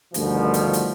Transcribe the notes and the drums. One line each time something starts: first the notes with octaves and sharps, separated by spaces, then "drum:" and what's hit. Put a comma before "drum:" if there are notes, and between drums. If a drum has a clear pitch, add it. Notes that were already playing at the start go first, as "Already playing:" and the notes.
D2 G2 B2 D#3 F3, drum: hi-hat
drum: hi-hat
drum: hi-hat